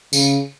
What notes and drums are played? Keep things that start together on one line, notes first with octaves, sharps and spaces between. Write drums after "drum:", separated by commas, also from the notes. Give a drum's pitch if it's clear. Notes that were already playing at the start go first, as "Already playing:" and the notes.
C#3, drum: tambourine